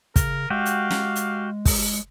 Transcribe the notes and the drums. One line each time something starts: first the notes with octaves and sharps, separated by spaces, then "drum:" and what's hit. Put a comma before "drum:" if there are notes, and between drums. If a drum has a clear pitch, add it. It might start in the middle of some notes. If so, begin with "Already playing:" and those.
C#3 A#4, drum: kick, hi-hat
G#3 F#4 G4 F5
drum: hi-hat
drum: snare
drum: hi-hat
drum: kick, open hi-hat